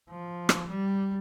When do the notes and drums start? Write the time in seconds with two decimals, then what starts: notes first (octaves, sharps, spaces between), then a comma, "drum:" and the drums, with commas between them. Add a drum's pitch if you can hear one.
0.10 F3
0.49 drum: rim click
0.69 G3